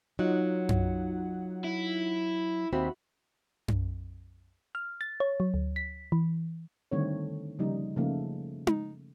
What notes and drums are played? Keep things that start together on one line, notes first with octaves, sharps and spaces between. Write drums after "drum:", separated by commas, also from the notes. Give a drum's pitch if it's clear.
F#3 D#4 F4 F#5
drum: tom F#2
E4
D#2 C4 F#4 E5 B5
drum: tom F#2
F6
A6
C#5
F#3
D2
B6
E3
D3 D#3 G3 A3 C4 C#5
C#3 F3 G3 A#3 D#4
C#3 F3 A3 A#3 D#4
drum: tom D#4